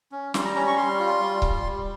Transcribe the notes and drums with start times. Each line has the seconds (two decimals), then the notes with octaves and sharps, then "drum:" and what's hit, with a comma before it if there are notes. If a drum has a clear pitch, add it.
0.12 C#4
0.34 G3 C6, drum: snare
0.45 A#5
0.55 C#4 A#5
0.67 C#6
0.77 G3 C6
1.00 F4
1.21 G3
1.42 G3, drum: kick C#1
1.64 G3